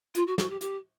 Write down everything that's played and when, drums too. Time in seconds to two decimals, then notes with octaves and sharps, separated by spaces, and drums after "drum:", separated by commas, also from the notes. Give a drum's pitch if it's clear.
0.15 F4, drum: hi-hat
0.27 F#4
0.38 F#4, drum: snare
0.49 G4
0.61 G4, drum: hi-hat